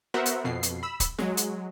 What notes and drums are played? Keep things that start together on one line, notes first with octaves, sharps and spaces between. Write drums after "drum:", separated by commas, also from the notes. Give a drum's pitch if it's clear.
B3 F#4 A#4 C5 E5 F#5
drum: hi-hat
F2 B2 C7
drum: hi-hat
B5 E6
drum: kick, hi-hat
F#3 G#3, drum: snare
drum: hi-hat